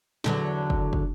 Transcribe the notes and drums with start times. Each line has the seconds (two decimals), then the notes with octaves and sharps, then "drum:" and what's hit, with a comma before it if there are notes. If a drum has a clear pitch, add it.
0.24 E2 D3 F#3, drum: snare
0.70 drum: kick
0.93 drum: kick